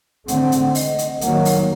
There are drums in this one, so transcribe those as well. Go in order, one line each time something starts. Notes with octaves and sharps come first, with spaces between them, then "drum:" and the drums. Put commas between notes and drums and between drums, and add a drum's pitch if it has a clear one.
D3 A3 C4 F#5, drum: hi-hat
drum: hi-hat
D#5, drum: open hi-hat
drum: hi-hat
D#3 F#3 A#3 F#5, drum: hi-hat
drum: open hi-hat